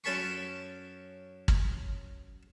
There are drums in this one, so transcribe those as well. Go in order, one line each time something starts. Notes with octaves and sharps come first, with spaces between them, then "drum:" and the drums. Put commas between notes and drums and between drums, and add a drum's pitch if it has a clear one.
F#2 C#4 A4 A5 B5 C#6
drum: kick